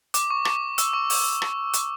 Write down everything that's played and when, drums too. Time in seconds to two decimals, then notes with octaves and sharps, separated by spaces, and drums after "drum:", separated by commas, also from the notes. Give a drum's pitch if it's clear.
0.14 D6, drum: hi-hat
0.30 C#6
0.45 D6, drum: rim click
0.78 E6, drum: hi-hat
0.93 C#6
1.10 drum: open hi-hat
1.42 drum: rim click
1.74 drum: hi-hat